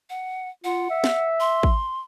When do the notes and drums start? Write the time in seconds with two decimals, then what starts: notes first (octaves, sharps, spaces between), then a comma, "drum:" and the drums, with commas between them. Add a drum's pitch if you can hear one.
0.10 F#5
0.64 F4 F#5
0.90 E5
1.04 drum: snare
1.40 C6
1.63 drum: kick